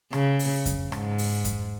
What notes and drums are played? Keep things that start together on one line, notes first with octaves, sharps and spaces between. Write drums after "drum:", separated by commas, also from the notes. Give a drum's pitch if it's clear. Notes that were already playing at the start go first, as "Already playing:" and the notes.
C#3, drum: rim click
drum: open hi-hat
drum: kick F2, hi-hat
G#2, drum: rim click
drum: open hi-hat
drum: kick F2, hi-hat